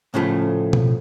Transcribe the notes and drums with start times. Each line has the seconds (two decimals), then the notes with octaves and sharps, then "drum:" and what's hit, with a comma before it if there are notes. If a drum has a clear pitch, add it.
0.14 A2 C#3 F3 A3
0.73 drum: tom B2